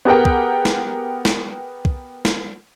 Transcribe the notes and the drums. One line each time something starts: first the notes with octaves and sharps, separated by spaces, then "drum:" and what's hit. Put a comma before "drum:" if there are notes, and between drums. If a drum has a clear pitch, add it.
B3 G4 G#4 A#4 F#5 G5
drum: kick
drum: snare
drum: snare
drum: kick
drum: snare